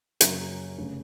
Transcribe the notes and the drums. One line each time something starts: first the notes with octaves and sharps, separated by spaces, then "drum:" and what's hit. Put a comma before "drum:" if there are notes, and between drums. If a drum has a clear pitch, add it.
F#2 C#3 F#3 A#3 C#4, drum: hi-hat
F1 C#3